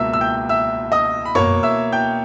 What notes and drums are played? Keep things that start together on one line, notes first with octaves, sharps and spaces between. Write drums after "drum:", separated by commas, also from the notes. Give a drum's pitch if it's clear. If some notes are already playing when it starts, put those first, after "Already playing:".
Already playing: C#2 B2 A#3 E5 E6
E6
G5 G6
E5 E6
D#5 D#6
B5
B2 A#3 C#5 C#6, drum: tom F#2
E5 E6
G5 G6